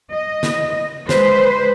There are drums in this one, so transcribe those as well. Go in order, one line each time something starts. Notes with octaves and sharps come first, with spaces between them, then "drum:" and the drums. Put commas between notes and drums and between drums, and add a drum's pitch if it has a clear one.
D#5
drum: snare
G#3 B4 C5, drum: snare